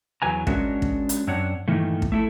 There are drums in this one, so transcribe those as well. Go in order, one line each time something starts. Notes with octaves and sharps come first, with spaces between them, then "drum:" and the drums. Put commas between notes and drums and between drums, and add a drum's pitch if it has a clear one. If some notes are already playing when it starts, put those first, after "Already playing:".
E2 F#3 B4 G#5 A#5
G#3 C#4 D4 F#4 A#4 E5, drum: kick
drum: kick
drum: hi-hat
F#2 C4 D4 C#5 F#5
G2 A#2 D#3 E3 A3
drum: kick
A3 E4 A4